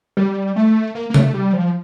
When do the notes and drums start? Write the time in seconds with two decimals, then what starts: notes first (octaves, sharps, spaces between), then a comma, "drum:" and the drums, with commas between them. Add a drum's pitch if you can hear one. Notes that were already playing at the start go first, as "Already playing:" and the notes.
0.17 G3
0.56 A3
0.95 A#3
1.10 A#3
1.14 A3, drum: tom C3
1.34 G3
1.53 F3